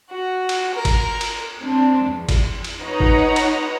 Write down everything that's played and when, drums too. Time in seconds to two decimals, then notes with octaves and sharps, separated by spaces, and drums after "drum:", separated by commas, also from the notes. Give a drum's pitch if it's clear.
0.10 F#4
0.49 drum: cymbal
0.75 A#4
0.85 drum: kick, cymbal
1.21 drum: cymbal
1.61 C4 D4
2.07 E2
2.29 drum: kick, cymbal
2.64 drum: cymbal
2.82 D#4 B4 C#5 F#5 A#5
3.00 drum: kick
3.36 drum: cymbal